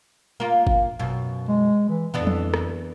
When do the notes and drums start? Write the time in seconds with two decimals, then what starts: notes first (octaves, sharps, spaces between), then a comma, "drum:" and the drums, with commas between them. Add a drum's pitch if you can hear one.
0.40 A#3 F4
0.67 drum: kick G#1
0.99 F#2 B2
1.48 G#3
1.89 E3
2.14 F2 E3 B3 D4
2.27 drum: tom F3
2.54 drum: rim click